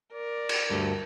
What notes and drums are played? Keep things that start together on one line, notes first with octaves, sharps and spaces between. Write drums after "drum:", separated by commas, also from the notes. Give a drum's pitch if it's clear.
A#4 D5
drum: cymbal
D2 G2 A3